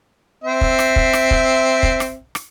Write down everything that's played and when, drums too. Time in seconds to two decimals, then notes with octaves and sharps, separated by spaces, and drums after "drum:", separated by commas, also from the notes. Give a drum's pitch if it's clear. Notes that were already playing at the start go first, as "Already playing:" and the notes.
0.44 C4 E5
0.61 drum: kick
0.79 drum: rim click
0.96 drum: kick
1.13 drum: rim click
1.31 drum: kick
1.83 drum: kick
2.00 drum: rim click
2.35 drum: rim click